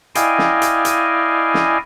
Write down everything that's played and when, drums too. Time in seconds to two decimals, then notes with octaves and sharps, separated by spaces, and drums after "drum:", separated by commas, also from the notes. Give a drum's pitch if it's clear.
0.15 E4 D5 D#5 F5 G5 G#5, drum: hi-hat
0.38 drum: snare
0.62 drum: hi-hat
0.85 drum: hi-hat
1.54 drum: snare